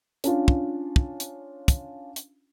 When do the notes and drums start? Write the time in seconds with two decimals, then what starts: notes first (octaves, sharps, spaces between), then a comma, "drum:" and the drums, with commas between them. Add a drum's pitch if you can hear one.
0.24 C#4 D4 F4, drum: hi-hat
0.48 drum: kick
0.96 drum: kick
1.20 drum: hi-hat
1.68 drum: kick, hi-hat
2.16 drum: hi-hat